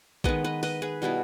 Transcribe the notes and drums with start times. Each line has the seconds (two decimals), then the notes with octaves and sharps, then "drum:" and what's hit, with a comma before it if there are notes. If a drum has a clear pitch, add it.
0.24 D#3 G#3 B3 B4 D#5, drum: kick A#1
0.44 B4 D#5
0.63 B4 D#5, drum: open hi-hat
0.82 G#4 B4
1.02 B2 G3 B3 E4